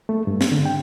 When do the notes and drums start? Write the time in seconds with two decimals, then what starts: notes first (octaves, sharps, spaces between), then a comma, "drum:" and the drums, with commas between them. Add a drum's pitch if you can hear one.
0.09 A3
0.27 G2
0.41 drum: snare
0.52 D3
0.65 G5